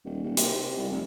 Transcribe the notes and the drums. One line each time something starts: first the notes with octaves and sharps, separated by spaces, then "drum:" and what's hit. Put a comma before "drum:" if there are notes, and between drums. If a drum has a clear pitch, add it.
D#1
D#1
C3, drum: hi-hat
C3
C2
F1